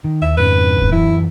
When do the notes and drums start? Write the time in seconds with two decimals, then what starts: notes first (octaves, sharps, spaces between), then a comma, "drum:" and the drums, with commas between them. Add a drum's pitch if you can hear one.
0.04 D#3
0.22 D#2 E5
0.37 F2 G#2 C#3 B4
0.78 drum: kick D#1
0.92 F#2 E3 F#3 E4